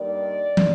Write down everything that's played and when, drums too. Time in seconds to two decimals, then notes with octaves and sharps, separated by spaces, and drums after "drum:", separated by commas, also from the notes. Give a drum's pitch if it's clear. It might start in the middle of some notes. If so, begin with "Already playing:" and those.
Already playing: G2 D#3 G3 A#3 D5
0.57 drum: tom